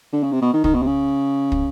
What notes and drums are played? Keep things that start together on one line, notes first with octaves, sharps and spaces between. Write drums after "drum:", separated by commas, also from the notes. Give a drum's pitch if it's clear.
D3
C#3
C3
B2
D#3
D#3, drum: kick
B2
C3
C#3
drum: kick